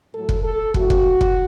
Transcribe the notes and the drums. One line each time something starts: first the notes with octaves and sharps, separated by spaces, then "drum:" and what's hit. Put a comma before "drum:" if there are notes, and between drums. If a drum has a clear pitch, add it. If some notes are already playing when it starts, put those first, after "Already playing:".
A2 F#3 A3 A4
drum: kick
A4
A2 F#3 A3 F#4, drum: kick
drum: kick
drum: kick